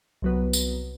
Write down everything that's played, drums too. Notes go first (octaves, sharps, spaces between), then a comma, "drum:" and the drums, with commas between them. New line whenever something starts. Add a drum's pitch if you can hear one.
C2 F#3 B3
drum: tambourine